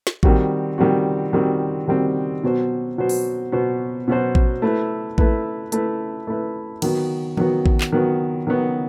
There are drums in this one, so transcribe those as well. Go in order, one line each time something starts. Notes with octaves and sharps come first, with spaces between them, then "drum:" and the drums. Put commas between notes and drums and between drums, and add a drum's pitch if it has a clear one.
drum: snare
D#3 G3 C4 F#4, drum: kick A1
D#3 G3 C4 F#4
D#3 G3 C4 F#4
D#3 G3 C4 F#4
B2 F#3 B3 F#4 C5
B2 F#3 B3 F#4 C5
drum: open hi-hat
B2 F#3 B3 F#4 C5
B2 F#3 B3 F#4 C5
drum: kick A1
A3 E4 B4
A3 E4 B4, drum: kick A1
A3 E4 B4, drum: hi-hat
A3 E4 B4
D#3 F#3 B3 F#4, drum: cymbal
D#3 F#3 B3 F#4, drum: tom E3
drum: kick A1
drum: clap
D#3 F#3 B3 F#4
D#3 F#3 B3 F#4